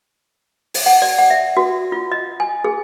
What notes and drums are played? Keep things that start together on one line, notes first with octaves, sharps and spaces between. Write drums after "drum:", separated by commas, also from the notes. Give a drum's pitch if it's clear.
drum: open hi-hat
F#5
D5
F#5
E5
F#4
F4
D#5
G#5
G#4